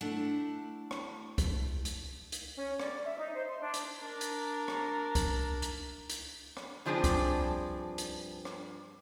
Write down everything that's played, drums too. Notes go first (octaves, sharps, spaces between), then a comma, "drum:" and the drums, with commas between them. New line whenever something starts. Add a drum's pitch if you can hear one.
A3 D4 E4 F#5
drum: rim click
drum: kick C2, hi-hat
drum: hi-hat
drum: hi-hat
C#4
D5, drum: rim click
E5
D#4
C5
C6
D4
drum: hi-hat
D4 A#4
drum: hi-hat
drum: rim click
drum: kick C2, hi-hat
drum: hi-hat
drum: hi-hat
drum: rim click
G2 F3 C4 D4 G#4
drum: kick C2, hi-hat
drum: hi-hat
drum: rim click